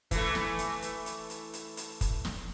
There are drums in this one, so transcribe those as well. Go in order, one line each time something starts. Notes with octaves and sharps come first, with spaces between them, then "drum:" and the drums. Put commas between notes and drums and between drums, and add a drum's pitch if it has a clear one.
E3 A3, drum: kick, hi-hat
drum: snare
drum: hi-hat
drum: hi-hat
drum: hi-hat
drum: hi-hat
drum: hi-hat
drum: hi-hat
drum: kick, hi-hat
drum: snare